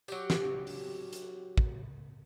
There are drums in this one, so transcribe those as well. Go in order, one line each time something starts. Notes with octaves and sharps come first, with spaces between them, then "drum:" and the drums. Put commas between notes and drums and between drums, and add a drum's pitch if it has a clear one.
F#3 G4, drum: tambourine
drum: snare
drum: open hi-hat
drum: hi-hat
drum: kick